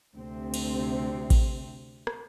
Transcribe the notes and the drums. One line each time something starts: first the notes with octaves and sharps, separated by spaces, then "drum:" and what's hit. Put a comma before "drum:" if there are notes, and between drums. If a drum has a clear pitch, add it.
D2 C3 C4
drum: cymbal
drum: kick A1, cymbal
drum: rim click